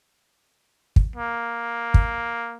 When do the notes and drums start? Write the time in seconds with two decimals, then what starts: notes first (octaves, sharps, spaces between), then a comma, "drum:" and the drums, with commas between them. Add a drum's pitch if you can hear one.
0.96 drum: kick
1.16 A#3
1.94 drum: kick